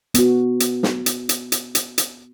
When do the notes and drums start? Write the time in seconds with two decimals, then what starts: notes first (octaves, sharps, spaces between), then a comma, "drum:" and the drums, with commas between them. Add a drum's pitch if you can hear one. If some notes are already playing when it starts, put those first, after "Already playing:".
0.14 B3 F#4, drum: hi-hat
0.60 drum: hi-hat
0.83 drum: snare
1.06 drum: hi-hat
1.29 drum: hi-hat
1.52 drum: hi-hat
1.75 drum: hi-hat
1.98 drum: hi-hat